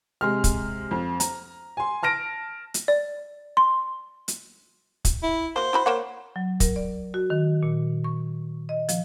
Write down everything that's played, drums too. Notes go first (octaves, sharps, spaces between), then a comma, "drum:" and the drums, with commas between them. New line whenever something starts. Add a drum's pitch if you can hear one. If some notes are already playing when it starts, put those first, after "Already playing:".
C3 G#3 F6
drum: kick, hi-hat
F2
A#5, drum: hi-hat
G#5 C6
A5 F6 A#6 D7
drum: hi-hat
D5
C6
drum: hi-hat
drum: kick, hi-hat
E4
A#3 F#4 C5
E4 F#4 B5
A#3 C#5 F#5
F#3
A#4, drum: kick, hi-hat
D5
F#4
D#3
A#2
C#6
D#5
F3, drum: hi-hat